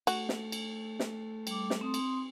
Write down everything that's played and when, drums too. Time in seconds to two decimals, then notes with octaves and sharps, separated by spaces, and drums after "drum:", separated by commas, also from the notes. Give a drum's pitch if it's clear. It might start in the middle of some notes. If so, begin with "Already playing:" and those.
0.07 A3 F#4, drum: cymbal
0.29 drum: snare
0.52 drum: cymbal
1.00 drum: snare
1.47 G3 D6, drum: cymbal
1.70 drum: snare
1.81 C4 C6 D#6
1.94 drum: cymbal